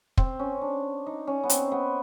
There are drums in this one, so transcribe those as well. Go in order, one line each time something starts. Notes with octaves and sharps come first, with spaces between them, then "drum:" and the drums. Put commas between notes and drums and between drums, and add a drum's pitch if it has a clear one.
C4, drum: kick
C#4
D4
D#4
C#4
B3
C4, drum: hi-hat
B3